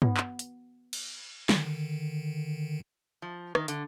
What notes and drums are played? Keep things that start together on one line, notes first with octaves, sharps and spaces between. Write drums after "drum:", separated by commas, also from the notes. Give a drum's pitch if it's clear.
B3, drum: tom
drum: clap
drum: hi-hat
drum: cymbal
D3 D#3, drum: snare
F3
D#3, drum: rim click
D3, drum: hi-hat